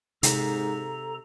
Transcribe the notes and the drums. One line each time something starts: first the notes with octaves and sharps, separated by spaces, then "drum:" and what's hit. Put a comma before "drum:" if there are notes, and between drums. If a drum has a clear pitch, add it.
G#2 C3 A4 A#5, drum: hi-hat